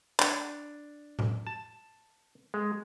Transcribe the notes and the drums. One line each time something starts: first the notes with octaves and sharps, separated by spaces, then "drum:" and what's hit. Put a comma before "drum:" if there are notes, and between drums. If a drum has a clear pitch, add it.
D4, drum: clap
drum: tom A2
A5
G#3